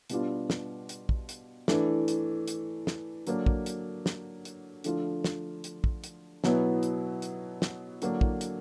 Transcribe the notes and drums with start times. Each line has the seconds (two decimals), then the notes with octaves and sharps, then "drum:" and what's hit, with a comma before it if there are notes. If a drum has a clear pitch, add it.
0.10 B2 G3 B3 D4 F4, drum: hi-hat
0.50 drum: snare
0.89 drum: hi-hat
1.09 drum: kick
1.29 drum: hi-hat
1.68 E3 A3 D4, drum: snare
2.08 drum: hi-hat
2.48 drum: hi-hat
2.87 drum: snare
3.27 D3 F#3 A#3 D4, drum: hi-hat
3.46 drum: kick
3.66 drum: hi-hat
4.06 drum: snare
4.45 drum: hi-hat
4.84 D3 F3 A3 D4 F4, drum: hi-hat
5.24 drum: snare
5.64 drum: hi-hat
5.84 drum: kick
6.04 drum: hi-hat
6.44 B2 F#3 B3 E4, drum: snare
6.83 drum: hi-hat
7.22 drum: hi-hat
7.62 drum: snare
8.02 D3 F#3 A#3 D4, drum: hi-hat
8.21 drum: kick
8.41 drum: hi-hat